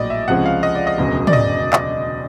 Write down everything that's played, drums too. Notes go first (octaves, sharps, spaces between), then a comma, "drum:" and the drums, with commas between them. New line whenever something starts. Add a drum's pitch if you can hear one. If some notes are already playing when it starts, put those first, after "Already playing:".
Already playing: A#1 A2 F#3 D5 D#5
E5
C#2 C3 F3 G#3 C#4 F#5
F5
D#5
D5
D#5
E1 D2 C#3 F#3
D5, drum: tom
D#5
drum: clap